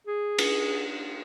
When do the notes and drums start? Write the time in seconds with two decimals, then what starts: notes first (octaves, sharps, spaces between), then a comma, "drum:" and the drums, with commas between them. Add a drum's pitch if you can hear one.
0.07 G#4
0.38 drum: cymbal